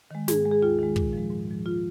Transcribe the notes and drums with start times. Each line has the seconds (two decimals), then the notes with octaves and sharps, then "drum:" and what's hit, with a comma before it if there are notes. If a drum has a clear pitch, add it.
0.11 D#3 G#3
0.28 G#2 G#4, drum: snare
0.45 G#3
0.51 G#4
0.62 D#2 F4
0.79 D#3 G#3
0.96 A#2, drum: kick
1.13 F3 G#3
1.30 G#2
1.47 F3 G#3
1.66 F4